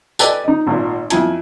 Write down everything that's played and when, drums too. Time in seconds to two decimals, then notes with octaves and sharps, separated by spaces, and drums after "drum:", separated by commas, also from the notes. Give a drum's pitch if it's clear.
0.19 G4 A4 B4 D5 D#5 G#5, drum: tambourine
0.44 D#4 D#5
0.67 G#1 A#2 A#3
1.10 F2 E4 G#5, drum: hi-hat